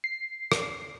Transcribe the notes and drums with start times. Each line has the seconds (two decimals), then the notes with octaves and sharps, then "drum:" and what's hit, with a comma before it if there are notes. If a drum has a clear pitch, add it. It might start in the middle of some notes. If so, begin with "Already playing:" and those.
0.04 C7
0.52 drum: rim click